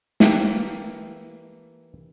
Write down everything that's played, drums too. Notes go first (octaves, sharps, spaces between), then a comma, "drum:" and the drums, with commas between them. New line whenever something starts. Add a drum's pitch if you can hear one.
E3 A#3 G4 G5 A5, drum: snare